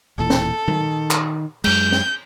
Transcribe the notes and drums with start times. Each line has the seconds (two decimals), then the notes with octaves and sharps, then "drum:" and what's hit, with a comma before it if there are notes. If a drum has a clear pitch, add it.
0.18 E1 A#2 E3 A4
0.30 drum: snare
0.68 D#3, drum: tom
1.11 drum: clap
1.64 F#2 G#3 G6, drum: cymbal
1.92 drum: snare